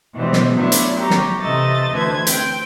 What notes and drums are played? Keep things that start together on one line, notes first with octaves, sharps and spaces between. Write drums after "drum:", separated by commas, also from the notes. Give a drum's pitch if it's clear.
B2 E3 G3 G#3 B3 C4
drum: snare
F#3 A3 B3 D4 E4 F4
drum: hi-hat
G4 A#5 C#6
drum: snare
C3 E3 A3 D#5 A6
D2 E3 B4 C5 A5 G#6
C4 G5, drum: hi-hat